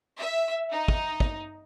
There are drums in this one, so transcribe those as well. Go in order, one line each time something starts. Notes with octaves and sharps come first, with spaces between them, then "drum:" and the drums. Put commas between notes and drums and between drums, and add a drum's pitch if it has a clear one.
E5
D#4
drum: kick
drum: kick